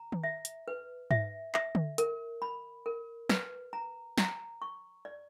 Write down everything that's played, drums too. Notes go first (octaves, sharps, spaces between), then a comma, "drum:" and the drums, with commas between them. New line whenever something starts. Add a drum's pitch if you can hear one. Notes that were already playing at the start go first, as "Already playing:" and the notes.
Already playing: A#5
drum: tom D#3
E5
drum: hi-hat
B4
E5, drum: tom G#2
E5, drum: clap
drum: tom D3
A#4, drum: hi-hat
B5
A#4
B4, drum: snare
A#5
A#5, drum: snare
C#6
D5